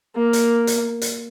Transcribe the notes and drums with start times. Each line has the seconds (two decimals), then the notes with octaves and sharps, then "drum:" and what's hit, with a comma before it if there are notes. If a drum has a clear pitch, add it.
0.16 A#3
0.33 drum: hi-hat
0.67 drum: hi-hat
1.02 drum: hi-hat